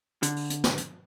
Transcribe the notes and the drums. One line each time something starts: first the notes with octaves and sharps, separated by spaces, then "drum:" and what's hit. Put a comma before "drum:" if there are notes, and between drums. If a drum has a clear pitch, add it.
D3, drum: hi-hat
drum: open hi-hat
drum: hi-hat
drum: snare
drum: hi-hat